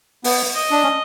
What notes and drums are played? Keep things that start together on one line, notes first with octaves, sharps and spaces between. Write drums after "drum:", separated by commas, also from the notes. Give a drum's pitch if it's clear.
B3, drum: open hi-hat
D#5
D4
C#4